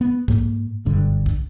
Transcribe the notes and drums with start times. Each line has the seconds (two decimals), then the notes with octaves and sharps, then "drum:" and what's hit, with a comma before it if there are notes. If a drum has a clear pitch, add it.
0.01 B3
0.28 G#2 A#3, drum: kick
0.85 F#1 B1 G2 D3
1.26 drum: kick